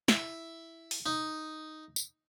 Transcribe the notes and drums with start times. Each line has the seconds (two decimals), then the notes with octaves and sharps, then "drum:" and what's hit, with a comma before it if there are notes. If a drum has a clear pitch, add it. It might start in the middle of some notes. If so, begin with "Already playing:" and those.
0.08 E4, drum: snare
0.91 drum: open hi-hat
1.06 D#4
1.96 drum: tambourine